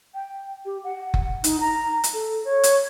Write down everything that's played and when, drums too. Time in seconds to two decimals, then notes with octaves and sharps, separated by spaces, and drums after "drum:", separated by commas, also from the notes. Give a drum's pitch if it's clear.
0.14 G5
0.65 G4
0.84 F#5
1.14 drum: kick F#1
1.44 D#4, drum: hi-hat
1.60 A#5
2.04 drum: hi-hat
2.14 A4
2.45 C#5
2.63 drum: hi-hat